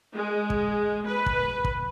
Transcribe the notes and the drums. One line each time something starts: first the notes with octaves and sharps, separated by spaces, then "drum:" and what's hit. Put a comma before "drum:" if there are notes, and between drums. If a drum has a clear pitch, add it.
G#3
drum: kick
B4
drum: kick
drum: kick